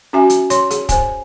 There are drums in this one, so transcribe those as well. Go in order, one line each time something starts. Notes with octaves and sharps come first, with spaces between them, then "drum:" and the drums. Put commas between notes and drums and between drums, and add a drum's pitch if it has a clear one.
C#4 F#4 E5 G#5
drum: hi-hat
C#5 C6, drum: hi-hat
G#4, drum: hi-hat
C5 G#5, drum: kick, hi-hat